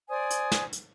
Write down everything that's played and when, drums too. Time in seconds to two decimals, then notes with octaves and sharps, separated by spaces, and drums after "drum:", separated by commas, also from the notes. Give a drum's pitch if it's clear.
0.09 C5 D5 G#5 D#6
0.31 drum: hi-hat
0.52 drum: snare
0.73 drum: hi-hat